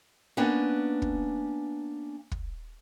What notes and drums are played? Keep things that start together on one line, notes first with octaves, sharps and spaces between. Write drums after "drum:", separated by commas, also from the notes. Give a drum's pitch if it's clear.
A#3 B3 C#4 D4 B4
drum: kick
drum: kick